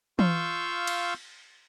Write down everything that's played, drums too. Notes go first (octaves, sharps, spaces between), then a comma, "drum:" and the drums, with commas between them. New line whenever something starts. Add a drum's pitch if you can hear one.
F4 F5 C#6 E6 G6, drum: tom E3
drum: cymbal